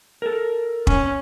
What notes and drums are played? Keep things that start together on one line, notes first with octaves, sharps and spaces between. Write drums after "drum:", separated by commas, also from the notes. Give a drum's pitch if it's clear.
A4 A#4
C#4, drum: kick